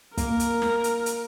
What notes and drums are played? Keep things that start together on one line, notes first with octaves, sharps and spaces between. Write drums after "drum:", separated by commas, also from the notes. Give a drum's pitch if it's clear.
A#3 A#4, drum: kick, hi-hat
drum: hi-hat
drum: snare
drum: hi-hat
drum: hi-hat